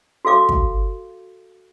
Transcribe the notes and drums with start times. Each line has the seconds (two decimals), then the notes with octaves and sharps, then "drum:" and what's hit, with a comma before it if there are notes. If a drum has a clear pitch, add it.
0.25 F#4 A4 F5 D6
0.49 drum: kick